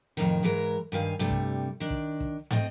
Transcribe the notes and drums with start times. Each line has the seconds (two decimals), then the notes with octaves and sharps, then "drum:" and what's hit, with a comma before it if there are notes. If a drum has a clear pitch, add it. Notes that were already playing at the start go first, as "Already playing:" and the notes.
0.17 F2 A2 D#3
0.43 G#2 E3 G#3 A#4
0.92 G2 D#3 F5 G#5
1.19 G2 C3 G3 A3
1.30 drum: kick
1.80 D#3 D4
1.90 drum: kick
2.20 drum: kick
2.51 A3 C4 D#5, drum: tom